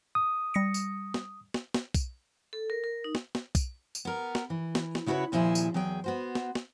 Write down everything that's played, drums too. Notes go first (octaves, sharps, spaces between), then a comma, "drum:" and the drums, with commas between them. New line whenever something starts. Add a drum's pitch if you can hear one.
D#6
G3 A#6 C#7
drum: tambourine
drum: snare
drum: snare
drum: snare
drum: kick, tambourine
A4
A#4
A#4
D#4
drum: snare
drum: snare
drum: kick, tambourine
drum: tambourine
B3 A#4
drum: snare
E3
drum: snare
drum: snare
C#3 E4 F#4 G#4 B4 C#5
D#2 A#2 F3 E4 G#4
drum: tambourine
E2 F#3 G#4 G5
B3 F#4 C5
drum: snare
drum: snare